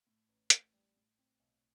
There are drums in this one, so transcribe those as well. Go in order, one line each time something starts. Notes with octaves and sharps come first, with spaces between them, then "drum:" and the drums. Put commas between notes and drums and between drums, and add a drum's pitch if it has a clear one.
A2
A1
A1, drum: hi-hat
G3
A2
C4
B1